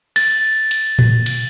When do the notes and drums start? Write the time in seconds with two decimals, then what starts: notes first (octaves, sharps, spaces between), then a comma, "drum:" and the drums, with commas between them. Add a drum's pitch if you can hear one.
0.16 A6, drum: cymbal
0.71 drum: cymbal
0.99 drum: tom A2
1.26 drum: cymbal